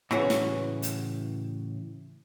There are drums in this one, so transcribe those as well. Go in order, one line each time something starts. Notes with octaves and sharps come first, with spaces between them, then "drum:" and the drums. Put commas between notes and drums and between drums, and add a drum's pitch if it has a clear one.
A2 C#3 E3 C#4 F#4 G#4, drum: rim click
drum: snare
drum: hi-hat